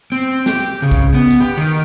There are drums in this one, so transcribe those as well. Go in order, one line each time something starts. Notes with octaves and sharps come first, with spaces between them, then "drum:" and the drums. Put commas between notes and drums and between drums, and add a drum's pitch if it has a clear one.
C4
G4, drum: snare
C#3
drum: kick B1
B3
drum: hi-hat
G4
D#3